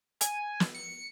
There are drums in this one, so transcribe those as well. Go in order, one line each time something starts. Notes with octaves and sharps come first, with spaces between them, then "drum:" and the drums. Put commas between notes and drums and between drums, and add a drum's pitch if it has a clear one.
G#5, drum: hi-hat
drum: snare
C#7